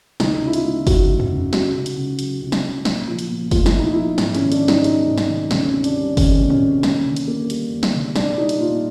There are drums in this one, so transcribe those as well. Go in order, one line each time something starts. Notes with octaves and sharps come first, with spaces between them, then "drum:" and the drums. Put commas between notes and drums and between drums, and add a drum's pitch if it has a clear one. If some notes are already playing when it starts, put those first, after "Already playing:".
D2 D#4, drum: snare
C#3
E4
F4, drum: hi-hat
G#3
E3 F#4, drum: kick F#1, open hi-hat
D2
drum: tom
C#3
C#2 F#4, drum: snare
C#3
drum: hi-hat
C#2
F#3, drum: hi-hat
C#2
drum: snare
C#3
A#2, drum: snare
F3
drum: hi-hat
A#2
A3 F4, drum: kick F#1, open hi-hat
E4, drum: snare
A#2
D#4
F3 E4
G#2 E4, drum: snare
C#4, drum: hi-hat
D#3
D4, drum: hi-hat
G#2
D#4, drum: snare
F#3 D#4, drum: hi-hat
G#2
drum: snare
D#3
D2 C#4, drum: snare
C3
D4, drum: hi-hat
G3
D#3 C#4, drum: kick F#1, open hi-hat
D2
C#4, drum: tom
C3
D#2, drum: snare
D3
drum: hi-hat
A#3
G3, drum: hi-hat
D#2
drum: snare
D3
A#2 D4, drum: snare
G3 D#4
drum: hi-hat
A#2 F4